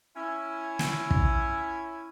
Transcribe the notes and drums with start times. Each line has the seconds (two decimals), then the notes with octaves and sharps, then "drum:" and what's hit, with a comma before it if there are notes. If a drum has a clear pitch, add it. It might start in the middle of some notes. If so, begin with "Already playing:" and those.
0.17 C#4 E4
0.79 drum: snare
1.11 drum: kick